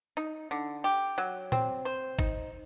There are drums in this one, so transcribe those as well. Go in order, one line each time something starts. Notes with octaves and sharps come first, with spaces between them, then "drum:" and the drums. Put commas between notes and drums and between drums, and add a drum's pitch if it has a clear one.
D#4
D3
G4
F#3
C4, drum: tom A#2
C5
D#4, drum: kick